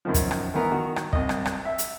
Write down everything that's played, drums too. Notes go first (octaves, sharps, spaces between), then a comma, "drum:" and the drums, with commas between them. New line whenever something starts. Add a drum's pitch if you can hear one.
F#2 D#3 F3
drum: kick, hi-hat
drum: rim click
D#3 E3 B3 A#4
D#3 F#4
drum: rim click
C2 D#5, drum: kick
drum: rim click
drum: rim click
E5
drum: hi-hat